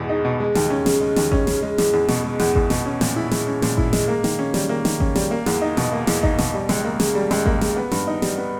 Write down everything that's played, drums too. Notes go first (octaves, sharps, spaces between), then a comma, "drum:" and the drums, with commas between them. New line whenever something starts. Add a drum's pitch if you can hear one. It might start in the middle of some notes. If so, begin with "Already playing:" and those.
Already playing: E2 B2 G#3
D#4
B2
G#3
D#2, drum: snare
C#4
C#3, drum: snare
G#3
D#2, drum: snare
C#4, drum: kick G#1
C#3, drum: snare
G#3
E2, drum: snare
E2
B2, drum: snare
G#3
E2, drum: snare
E2, drum: kick G#1
B2, drum: snare
C#4
A#2, drum: snare
E4
G#3, drum: snare
C#4
A#2, drum: snare
E4, drum: kick G#1
G#3, drum: snare
A#3
D#3, drum: snare
C#4
G3, drum: snare
A#3
D#3, drum: snare
C#4, drum: kick G#1
G3, drum: snare
A#3
E2, drum: snare
D#4
B2, drum: snare
A#3
E2, drum: snare
D#4, drum: kick G#1
B2, drum: snare
G3
C#2, drum: snare
A#3
C#3, drum: snare
G3
C#2, drum: snare
A#3, drum: kick G#1
C#3, drum: snare
B3
G2, drum: snare
D#4
G3, drum: snare
B3